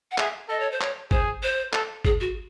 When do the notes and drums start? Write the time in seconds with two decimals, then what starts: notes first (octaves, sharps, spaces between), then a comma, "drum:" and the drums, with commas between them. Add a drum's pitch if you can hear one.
0.11 F#5
0.18 G#4 E5, drum: clap
0.49 A4 D#5
0.60 C#5
0.71 C5
0.81 C#5, drum: clap
1.11 G#4 C5, drum: kick
1.43 C5
1.73 A4, drum: clap
2.05 G#4, drum: kick
2.20 F#4